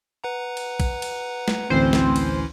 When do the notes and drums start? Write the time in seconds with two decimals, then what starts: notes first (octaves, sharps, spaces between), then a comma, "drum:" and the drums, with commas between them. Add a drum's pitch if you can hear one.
0.24 B4 F#5 A#5
0.57 drum: cymbal
0.80 drum: kick, cymbal
1.02 drum: cymbal
1.48 drum: snare
1.70 A1 D2 E3 C4 C#4 E4 C5
1.93 drum: snare
2.16 drum: cymbal